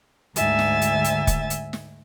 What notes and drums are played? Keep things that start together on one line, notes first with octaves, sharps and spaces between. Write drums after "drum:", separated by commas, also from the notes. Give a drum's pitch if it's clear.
D2 G#2 D3 E5 G#5 A6, drum: hi-hat
drum: snare
drum: hi-hat
drum: hi-hat
drum: kick, hi-hat
drum: hi-hat
drum: snare